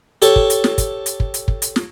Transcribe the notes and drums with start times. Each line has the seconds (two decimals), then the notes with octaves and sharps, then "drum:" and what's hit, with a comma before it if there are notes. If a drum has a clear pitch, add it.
0.22 G4 A4 C#5, drum: hi-hat
0.36 drum: kick
0.50 drum: hi-hat
0.64 drum: snare
0.78 drum: kick, hi-hat
1.06 drum: hi-hat
1.20 drum: kick
1.34 drum: hi-hat
1.48 drum: kick
1.62 drum: hi-hat
1.76 drum: snare